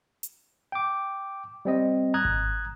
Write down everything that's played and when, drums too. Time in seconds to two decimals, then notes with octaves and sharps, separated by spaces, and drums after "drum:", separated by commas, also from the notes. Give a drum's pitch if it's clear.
0.23 drum: hi-hat
0.72 G5 D6
1.65 G3 C4 D#5
2.14 A#5 D#6 F#6 G#6
2.25 drum: kick G#1